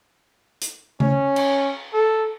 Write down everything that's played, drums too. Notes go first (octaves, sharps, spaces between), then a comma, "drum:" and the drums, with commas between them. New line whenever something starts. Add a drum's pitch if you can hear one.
drum: hi-hat
C#4, drum: tom C#3
drum: cymbal
A4